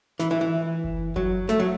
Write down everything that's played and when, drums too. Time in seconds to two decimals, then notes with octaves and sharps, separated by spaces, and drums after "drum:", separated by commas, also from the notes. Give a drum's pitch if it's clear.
0.19 E3, drum: snare
0.31 E3
0.41 E3
0.84 drum: kick F#1
1.16 F#3, drum: kick F#1
1.49 A3, drum: snare
1.60 F#3